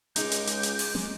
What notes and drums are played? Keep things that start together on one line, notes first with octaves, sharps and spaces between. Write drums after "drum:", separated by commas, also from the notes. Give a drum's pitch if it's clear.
C#2 G#3 D#4 G#4 D#5 D6 G6, drum: hi-hat
drum: hi-hat
drum: hi-hat
drum: hi-hat
drum: open hi-hat
drum: snare